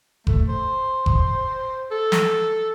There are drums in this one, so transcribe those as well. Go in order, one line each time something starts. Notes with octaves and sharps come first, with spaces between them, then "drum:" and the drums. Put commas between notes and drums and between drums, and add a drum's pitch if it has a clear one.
A3, drum: kick F#1
C5
drum: kick F#1
A4
drum: snare